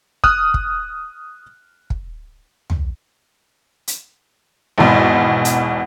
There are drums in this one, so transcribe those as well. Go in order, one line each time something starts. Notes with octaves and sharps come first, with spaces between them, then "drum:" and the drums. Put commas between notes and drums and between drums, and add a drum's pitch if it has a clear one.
D#6 F6 F#6, drum: kick
drum: kick
drum: kick
drum: tom
drum: hi-hat
G#1 E2 B2
drum: hi-hat